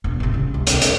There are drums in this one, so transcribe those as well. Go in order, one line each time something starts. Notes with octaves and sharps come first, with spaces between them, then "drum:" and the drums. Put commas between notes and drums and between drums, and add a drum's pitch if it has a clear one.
E1
A1 C3
C#3
C2
D#2, drum: hi-hat
A2, drum: hi-hat